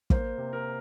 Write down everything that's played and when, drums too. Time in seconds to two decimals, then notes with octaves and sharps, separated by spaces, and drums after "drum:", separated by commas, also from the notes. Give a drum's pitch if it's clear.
0.10 A#3 C5, drum: kick
0.38 C3
0.53 A#4